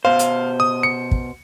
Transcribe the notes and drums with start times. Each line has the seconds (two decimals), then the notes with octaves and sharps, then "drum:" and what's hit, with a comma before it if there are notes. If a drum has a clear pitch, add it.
0.05 B2 C5 F5
0.19 drum: hi-hat
0.60 D#6
0.83 C#7
1.11 drum: kick